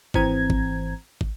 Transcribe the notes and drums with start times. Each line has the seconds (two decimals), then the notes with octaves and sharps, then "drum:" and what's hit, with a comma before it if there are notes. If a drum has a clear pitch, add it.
0.14 G#1 E3 C4 A#5 G#6, drum: kick
0.50 drum: kick
1.21 drum: kick